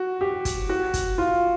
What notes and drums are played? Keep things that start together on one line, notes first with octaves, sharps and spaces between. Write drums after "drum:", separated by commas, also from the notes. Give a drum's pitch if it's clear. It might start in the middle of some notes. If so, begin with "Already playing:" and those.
Already playing: F#4
G4
drum: kick, hi-hat
F#4
drum: kick, hi-hat
F4